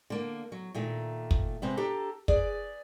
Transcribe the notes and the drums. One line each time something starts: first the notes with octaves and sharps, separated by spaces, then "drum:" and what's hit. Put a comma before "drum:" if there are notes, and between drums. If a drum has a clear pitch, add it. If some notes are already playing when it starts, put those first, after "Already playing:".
D3 A#3
F#3
A#2 D#3 A3
drum: kick
C3 G#3 C4 B4
D4 G4 A4 A#5
G#4 B4 D5, drum: kick